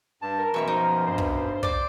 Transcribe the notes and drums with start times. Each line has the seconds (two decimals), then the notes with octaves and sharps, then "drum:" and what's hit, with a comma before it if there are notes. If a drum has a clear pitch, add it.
0.22 G2 A5
0.39 A#4
0.54 F#2 B2 E3 C#5 E5 C#6
0.68 F3 D#4
1.07 G2 C5
1.18 drum: kick
1.63 D5 D6, drum: kick